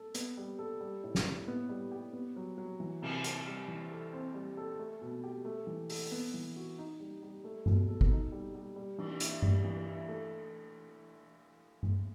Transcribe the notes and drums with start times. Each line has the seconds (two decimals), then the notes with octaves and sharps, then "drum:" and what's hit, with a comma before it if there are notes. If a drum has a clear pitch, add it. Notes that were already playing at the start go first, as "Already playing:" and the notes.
Already playing: A4
0.14 B3, drum: hi-hat
0.37 G3
0.59 A4
0.81 G3
1.04 A2
1.15 drum: snare
1.26 A2
1.48 B3
1.69 G3
1.91 G4
2.13 B3
2.36 F#3
2.58 F#3
2.80 E3
3.02 C3, drum: cymbal
3.24 C4, drum: hi-hat
3.46 G3
3.68 E3
3.91 A4
4.13 C4
4.34 G3
4.57 A4
4.79 A3
5.02 B2
5.24 G4
5.45 A3
5.67 E3
5.90 A4, drum: open hi-hat
6.12 B3
6.34 E3
6.56 F#4
6.78 D#4
7.00 G3
7.22 G3
7.44 A3
7.66 B2, drum: tom G2
7.89 A4
8.01 drum: kick
8.11 D#4
8.32 G3
8.55 G3
8.76 G3
8.98 E3, drum: cymbal
9.20 E4, drum: hi-hat
9.42 G3, drum: tom G2
9.64 E3
9.86 E4
10.08 A3
11.83 drum: tom G2